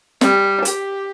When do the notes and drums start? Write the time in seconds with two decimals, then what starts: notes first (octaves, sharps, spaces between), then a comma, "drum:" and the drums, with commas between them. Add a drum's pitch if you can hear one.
0.21 G3, drum: snare
0.65 G4, drum: hi-hat